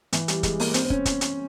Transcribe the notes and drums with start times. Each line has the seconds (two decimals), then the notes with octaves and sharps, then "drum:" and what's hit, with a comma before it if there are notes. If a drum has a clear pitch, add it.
0.13 E3, drum: hi-hat
0.28 G3, drum: hi-hat
0.43 G#3, drum: kick, hi-hat
0.60 A#3, drum: open hi-hat
0.74 C4, drum: hi-hat
0.85 C4
0.90 C#4, drum: kick
1.05 drum: kick, hi-hat
1.21 drum: hi-hat